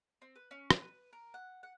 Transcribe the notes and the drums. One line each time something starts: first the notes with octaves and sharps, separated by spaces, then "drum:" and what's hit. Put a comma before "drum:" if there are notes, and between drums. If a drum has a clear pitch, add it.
C4
B4
C#4
drum: rim click
B4
A#4
F#5
F#5